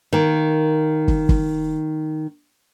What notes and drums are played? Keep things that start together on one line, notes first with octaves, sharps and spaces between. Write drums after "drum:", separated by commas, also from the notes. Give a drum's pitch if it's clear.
D#3 A#3
drum: kick
drum: kick